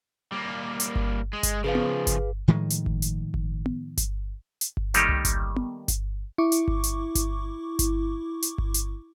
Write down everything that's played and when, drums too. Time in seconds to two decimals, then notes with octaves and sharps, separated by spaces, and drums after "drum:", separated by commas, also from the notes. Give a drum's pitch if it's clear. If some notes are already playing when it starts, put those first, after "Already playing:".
0.32 G3 A#3
0.80 drum: hi-hat
0.95 drum: kick G1
1.33 G#3
1.43 drum: kick G1, hi-hat
1.64 C#3 F3 G#4 B4 F5
1.75 drum: tom B3
2.07 drum: kick G1, hi-hat
2.48 A2 D#3 F3 G#3
2.70 drum: hi-hat
2.86 drum: kick G1
3.02 drum: hi-hat
3.34 drum: kick G1
3.66 drum: tom B3
3.97 drum: kick G1, hi-hat
4.61 drum: hi-hat
4.77 drum: kick G1
4.94 D#3 G3 A3 A#3 D#4 G4, drum: hi-hat
5.09 drum: tom C2
5.25 drum: kick G1, hi-hat
5.56 drum: tom B3
5.88 drum: kick G1, hi-hat
6.38 E4 C#6 D6
6.52 drum: hi-hat
6.68 drum: kick G1
6.84 drum: hi-hat
7.15 drum: kick G1, hi-hat
7.79 drum: kick G1, hi-hat
8.42 drum: hi-hat
8.58 drum: kick G1
8.74 drum: hi-hat